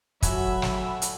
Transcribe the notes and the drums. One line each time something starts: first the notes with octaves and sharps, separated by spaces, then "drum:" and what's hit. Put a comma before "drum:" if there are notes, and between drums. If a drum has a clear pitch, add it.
G#1 F#3 F#4 A4 E5 G#5 B5, drum: kick, hi-hat
drum: snare
drum: hi-hat